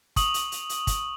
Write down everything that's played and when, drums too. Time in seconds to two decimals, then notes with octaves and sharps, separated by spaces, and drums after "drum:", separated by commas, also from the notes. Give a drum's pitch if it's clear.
0.16 C#6 D#6 F#7, drum: kick, hi-hat
0.34 drum: hi-hat
0.52 drum: hi-hat
0.69 drum: hi-hat
0.87 drum: kick, hi-hat